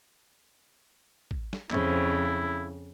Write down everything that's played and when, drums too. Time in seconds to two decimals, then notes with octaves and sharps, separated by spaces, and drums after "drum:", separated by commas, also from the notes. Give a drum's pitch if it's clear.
1.31 drum: kick A1
1.53 drum: snare
1.71 F2 C#3 E4, drum: clap